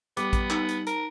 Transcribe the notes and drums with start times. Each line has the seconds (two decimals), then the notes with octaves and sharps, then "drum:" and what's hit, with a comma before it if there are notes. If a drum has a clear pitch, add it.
0.17 G3 B3 D6, drum: hi-hat
0.33 drum: kick A1, hi-hat
0.50 D#4, drum: clap
0.69 drum: hi-hat
0.87 A#4, drum: hi-hat